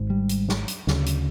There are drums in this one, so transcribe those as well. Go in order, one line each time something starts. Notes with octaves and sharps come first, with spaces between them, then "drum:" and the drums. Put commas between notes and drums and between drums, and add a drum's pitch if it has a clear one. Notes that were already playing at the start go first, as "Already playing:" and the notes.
Already playing: G#1 G#2
G3
drum: hi-hat
drum: snare
drum: hi-hat
D2 C#3, drum: snare
drum: hi-hat